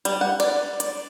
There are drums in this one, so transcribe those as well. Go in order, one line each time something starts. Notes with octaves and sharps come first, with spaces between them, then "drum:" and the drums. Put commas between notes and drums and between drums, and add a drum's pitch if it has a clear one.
G3, drum: hi-hat
F#5
D5, drum: cymbal
D5, drum: hi-hat